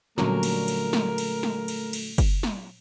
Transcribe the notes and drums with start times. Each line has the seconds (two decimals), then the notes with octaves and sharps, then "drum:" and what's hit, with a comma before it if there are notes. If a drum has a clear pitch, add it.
0.18 A#2 D3 F#3 G3 A3 C#4 A#4, drum: snare
0.43 drum: cymbal
0.68 drum: cymbal
0.93 drum: snare
1.18 drum: cymbal
1.43 drum: snare
1.68 drum: cymbal
1.93 drum: cymbal
2.18 drum: kick F#1, cymbal
2.43 drum: snare